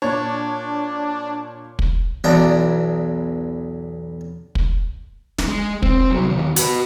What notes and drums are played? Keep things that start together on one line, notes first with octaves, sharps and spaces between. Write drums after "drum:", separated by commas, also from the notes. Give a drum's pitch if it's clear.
A#2 D4 C#5
drum: kick
B1 E2 D4 A#5
drum: kick
drum: snare
G#3
C4, drum: kick
C2 F#3
D#2 E3
F#4 B4, drum: hi-hat